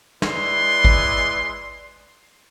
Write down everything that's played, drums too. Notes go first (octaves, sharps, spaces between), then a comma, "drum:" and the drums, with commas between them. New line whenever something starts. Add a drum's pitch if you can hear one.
G#3 E4 B4 D5 C6, drum: snare
drum: kick G#1